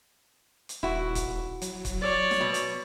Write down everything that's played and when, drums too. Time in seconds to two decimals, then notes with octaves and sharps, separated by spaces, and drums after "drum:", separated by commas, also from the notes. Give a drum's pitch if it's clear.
0.69 drum: hi-hat
0.83 D#1 E4 F#4
1.15 drum: kick, hi-hat
1.62 F#3, drum: hi-hat
1.85 drum: kick, hi-hat
2.01 C#5 D5
2.31 drum: snare
2.41 B2
2.54 drum: hi-hat